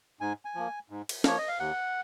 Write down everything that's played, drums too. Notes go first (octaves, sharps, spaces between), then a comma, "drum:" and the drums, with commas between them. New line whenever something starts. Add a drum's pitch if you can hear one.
G#2 G#5
G#5
F3 A#3
G#2
drum: cymbal
F3 A#3 C#5, drum: snare
D#5
F5
D#2 F#5